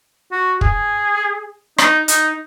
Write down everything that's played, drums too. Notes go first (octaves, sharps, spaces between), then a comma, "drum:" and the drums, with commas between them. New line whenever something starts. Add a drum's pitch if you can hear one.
F#4
G#4, drum: kick
D#4, drum: rim click
D#4, drum: hi-hat